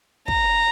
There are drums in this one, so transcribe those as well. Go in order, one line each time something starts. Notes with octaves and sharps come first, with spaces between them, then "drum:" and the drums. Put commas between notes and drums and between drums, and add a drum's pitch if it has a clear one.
A#5, drum: kick